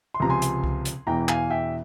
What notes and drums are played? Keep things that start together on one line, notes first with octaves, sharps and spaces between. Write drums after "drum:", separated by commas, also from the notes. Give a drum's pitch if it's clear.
C6
C#2 C3 F3 A#5
G#5 C6
drum: hi-hat
drum: kick C2
drum: hi-hat
E1 E2 E3 G5 A#5
F5 G#5, drum: clap
E5 G5